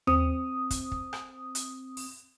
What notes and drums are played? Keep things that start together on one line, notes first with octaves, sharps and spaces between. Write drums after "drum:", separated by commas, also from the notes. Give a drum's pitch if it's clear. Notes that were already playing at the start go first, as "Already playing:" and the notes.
C4 D#6, drum: tom D#2
drum: kick, hi-hat
drum: kick
drum: rim click
drum: hi-hat
drum: open hi-hat